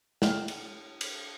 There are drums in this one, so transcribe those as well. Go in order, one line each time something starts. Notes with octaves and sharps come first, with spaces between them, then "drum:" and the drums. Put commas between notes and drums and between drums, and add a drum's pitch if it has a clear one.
A3 F#5 G5 F6, drum: snare
drum: cymbal
drum: cymbal